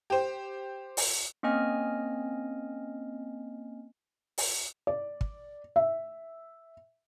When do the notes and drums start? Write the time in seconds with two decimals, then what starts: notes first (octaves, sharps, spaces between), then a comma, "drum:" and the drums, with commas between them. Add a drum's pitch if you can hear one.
0.10 G4 C5
0.97 drum: open hi-hat
1.43 A#3 C4 C#4 D#5 G#5 F6
4.38 drum: open hi-hat
4.87 D5
5.21 drum: kick
5.76 E5